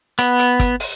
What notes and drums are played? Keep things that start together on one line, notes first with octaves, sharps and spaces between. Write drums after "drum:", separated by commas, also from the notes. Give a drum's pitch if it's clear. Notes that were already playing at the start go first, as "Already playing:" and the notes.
B3, drum: hi-hat
drum: hi-hat
drum: kick, hi-hat
drum: open hi-hat